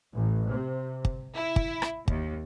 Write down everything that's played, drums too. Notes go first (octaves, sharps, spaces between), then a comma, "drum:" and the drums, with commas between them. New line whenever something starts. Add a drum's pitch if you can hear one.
A1
C3
drum: kick
E4
drum: kick
drum: rim click
D#2, drum: kick